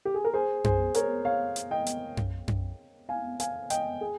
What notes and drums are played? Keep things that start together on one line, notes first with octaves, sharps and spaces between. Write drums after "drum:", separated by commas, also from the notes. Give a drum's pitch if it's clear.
G4
G#4
A#4
G#4 C5
G#4 C5, drum: tom F#2
A#4 C#5, drum: hi-hat
C#5 F5
drum: hi-hat
D#5 G5
drum: hi-hat
drum: tom F#2
drum: tom F#2
F5 G#5
F5 G#5, drum: hi-hat
D#5 G5, drum: hi-hat
G#4